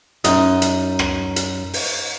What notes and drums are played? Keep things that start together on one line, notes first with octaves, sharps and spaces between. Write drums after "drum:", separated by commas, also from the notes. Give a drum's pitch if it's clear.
F#2 D#4, drum: hi-hat
drum: hi-hat
drum: rim click
drum: hi-hat
drum: open hi-hat